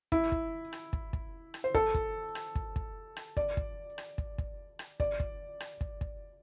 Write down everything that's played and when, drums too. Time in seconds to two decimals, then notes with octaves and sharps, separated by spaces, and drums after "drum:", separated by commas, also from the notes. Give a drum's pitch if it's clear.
0.12 E4, drum: kick
0.32 drum: kick
0.73 drum: rim click
0.93 drum: kick
1.13 drum: kick
1.54 drum: rim click
1.64 C5
1.75 A4, drum: kick
1.95 drum: kick
2.35 drum: rim click
2.55 drum: kick
2.76 drum: kick
3.16 drum: rim click
3.37 D5, drum: kick
3.57 drum: kick
3.98 drum: rim click
4.18 drum: kick
4.38 drum: kick
4.79 drum: rim click
5.00 D5, drum: kick
5.20 drum: kick
5.60 drum: rim click
5.81 drum: kick
6.01 drum: kick